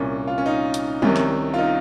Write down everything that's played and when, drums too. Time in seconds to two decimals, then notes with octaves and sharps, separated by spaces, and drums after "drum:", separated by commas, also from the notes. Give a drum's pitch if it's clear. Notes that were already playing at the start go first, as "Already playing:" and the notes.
Already playing: C2 A#2 C#4
0.27 F4
0.38 C#4
0.46 D#4
0.74 drum: hi-hat
1.02 C2 C3 D#3 C#4, drum: tom
1.16 drum: snare
1.54 F4
1.58 D#4